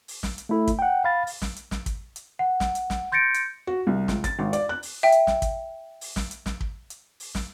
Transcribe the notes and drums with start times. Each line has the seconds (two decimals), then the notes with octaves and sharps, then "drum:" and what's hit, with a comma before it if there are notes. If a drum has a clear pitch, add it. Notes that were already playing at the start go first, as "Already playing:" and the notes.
0.08 drum: open hi-hat
0.23 drum: snare
0.38 drum: hi-hat
0.49 A3 E4 A4
0.67 drum: kick, hi-hat
0.79 F#5 G5
1.04 F5 B5 A6
1.27 drum: open hi-hat
1.42 drum: snare
1.56 drum: hi-hat
1.71 drum: snare
1.86 drum: kick, hi-hat
2.16 drum: hi-hat
2.39 F#5
2.60 drum: snare
2.75 drum: hi-hat
2.90 drum: snare
3.12 C6 G6 A6 A#6 C#7 D7
3.34 drum: hi-hat
3.67 F#4
3.87 C2
4.08 C#2, drum: snare
4.24 A6, drum: kick, hi-hat
4.39 G#1
4.53 D5, drum: hi-hat
4.69 F#6
4.83 drum: open hi-hat
5.03 E5 G5
5.12 drum: hi-hat
5.27 drum: snare
5.42 drum: kick, hi-hat
6.01 drum: open hi-hat
6.16 drum: snare
6.31 drum: hi-hat
6.46 drum: snare
6.61 drum: kick
6.90 drum: hi-hat
7.20 drum: open hi-hat
7.35 drum: snare